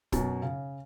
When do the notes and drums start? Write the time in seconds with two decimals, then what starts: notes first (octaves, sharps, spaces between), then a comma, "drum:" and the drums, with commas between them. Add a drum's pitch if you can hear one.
0.12 F#2 B2, drum: kick, hi-hat
0.42 C#3